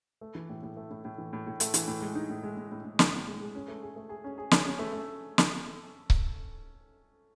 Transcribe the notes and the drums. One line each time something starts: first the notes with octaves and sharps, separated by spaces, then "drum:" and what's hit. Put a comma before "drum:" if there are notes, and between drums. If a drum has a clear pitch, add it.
A3
E3
A2
A2
A3
A2
A2
E3
A2
A2
A3, drum: hi-hat
E3, drum: hi-hat
A2
G#3
D#4
A2
G#3
A2
A2
A2
A2, drum: snare
A2
G#3
G#3
C#4
A3
G#4
A3
G#4
C#4
G#4
C#4, drum: snare
C#4
A3
A3
drum: snare
drum: kick C#1